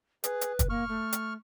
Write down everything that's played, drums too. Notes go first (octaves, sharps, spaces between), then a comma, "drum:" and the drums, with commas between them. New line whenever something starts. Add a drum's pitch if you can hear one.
G#4 B4, drum: hi-hat
drum: hi-hat
drum: kick, hi-hat
A#3 C#6 F6
A3
drum: hi-hat